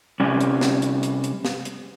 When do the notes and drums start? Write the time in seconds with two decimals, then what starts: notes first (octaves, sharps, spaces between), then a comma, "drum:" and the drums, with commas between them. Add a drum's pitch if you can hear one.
0.20 C3 G3 C#4
0.41 drum: hi-hat
0.61 drum: snare
0.82 drum: hi-hat
1.03 drum: hi-hat
1.24 drum: hi-hat
1.45 drum: snare
1.65 drum: hi-hat